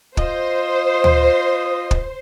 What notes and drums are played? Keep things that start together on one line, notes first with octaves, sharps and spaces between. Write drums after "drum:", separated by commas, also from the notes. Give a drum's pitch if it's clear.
F4 C5 D#5, drum: kick
drum: tom D2
drum: kick